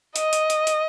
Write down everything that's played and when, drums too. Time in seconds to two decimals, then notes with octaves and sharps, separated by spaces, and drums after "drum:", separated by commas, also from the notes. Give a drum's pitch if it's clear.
0.16 D#5, drum: hi-hat
0.33 drum: hi-hat
0.50 drum: hi-hat
0.67 drum: hi-hat